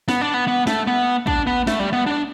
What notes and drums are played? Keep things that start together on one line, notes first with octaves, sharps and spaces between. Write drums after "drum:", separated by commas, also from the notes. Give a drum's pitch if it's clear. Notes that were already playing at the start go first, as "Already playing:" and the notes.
B3, drum: snare
D4
B3
B3
A3, drum: snare
B3
D4, drum: kick
B3
A3, drum: snare
G3
B3
D4